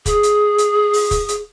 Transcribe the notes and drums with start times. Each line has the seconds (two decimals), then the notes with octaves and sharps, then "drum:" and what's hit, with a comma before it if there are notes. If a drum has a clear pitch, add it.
0.06 G#4, drum: kick, hi-hat
0.23 drum: hi-hat
0.58 drum: hi-hat
0.93 drum: open hi-hat
1.11 drum: kick, hi-hat
1.29 drum: hi-hat